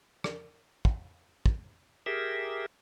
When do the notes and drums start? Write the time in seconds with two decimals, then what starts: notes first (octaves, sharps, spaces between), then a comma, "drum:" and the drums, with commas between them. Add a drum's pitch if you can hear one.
0.24 drum: rim click
0.85 drum: kick
1.46 drum: kick
2.06 G4 G#4 A#4 E5